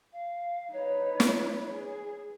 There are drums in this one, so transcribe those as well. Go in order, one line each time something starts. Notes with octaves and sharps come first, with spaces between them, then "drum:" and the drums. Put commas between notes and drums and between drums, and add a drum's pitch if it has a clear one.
F5
D#4 B4 C#5
drum: snare
G#4